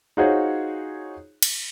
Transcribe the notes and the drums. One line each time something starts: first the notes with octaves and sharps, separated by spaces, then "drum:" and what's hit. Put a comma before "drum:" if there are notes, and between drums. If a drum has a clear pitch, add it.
D#4 F4 F#4 G#4 C5 C#5
drum: cymbal